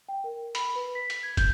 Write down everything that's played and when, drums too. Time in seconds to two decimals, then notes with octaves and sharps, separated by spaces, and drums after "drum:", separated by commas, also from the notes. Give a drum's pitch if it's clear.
0.09 G5
0.24 A#4
0.55 B5, drum: hi-hat
0.75 B4
0.95 B6
1.10 drum: hi-hat
1.23 G#6
1.37 G6, drum: kick, hi-hat